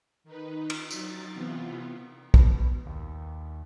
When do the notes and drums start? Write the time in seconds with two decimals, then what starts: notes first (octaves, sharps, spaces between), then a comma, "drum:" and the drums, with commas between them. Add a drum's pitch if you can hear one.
0.24 D#3 D#4 B4
0.70 drum: cymbal
0.91 F#3 D#4 A6, drum: tambourine
1.34 C3 E3 B3 F4
2.34 B2, drum: kick
2.87 D#2